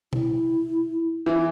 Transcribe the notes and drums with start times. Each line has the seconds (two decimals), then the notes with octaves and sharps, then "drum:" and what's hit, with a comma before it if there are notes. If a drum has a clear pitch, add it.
0.13 E4, drum: tom B2
1.26 E3